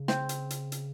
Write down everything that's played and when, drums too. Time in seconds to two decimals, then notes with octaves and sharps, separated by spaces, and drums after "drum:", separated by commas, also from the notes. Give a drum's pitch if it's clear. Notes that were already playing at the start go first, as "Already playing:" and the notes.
Already playing: C#3
0.08 C4, drum: snare
0.29 drum: hi-hat
0.50 drum: hi-hat
0.72 drum: hi-hat